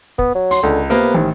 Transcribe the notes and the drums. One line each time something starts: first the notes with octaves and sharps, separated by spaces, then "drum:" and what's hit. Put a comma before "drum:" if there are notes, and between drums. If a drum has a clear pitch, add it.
B3, drum: kick
F#3
C6, drum: open hi-hat
C#2 D3
C3 A#3 B3 A#4
A1 D#3